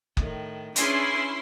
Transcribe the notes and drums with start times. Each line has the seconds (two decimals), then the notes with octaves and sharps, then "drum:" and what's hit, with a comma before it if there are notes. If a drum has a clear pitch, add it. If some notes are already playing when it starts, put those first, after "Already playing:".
0.17 A2 D#3, drum: kick F#1
0.76 C#4 D4 E4 G#4 B4 C6, drum: hi-hat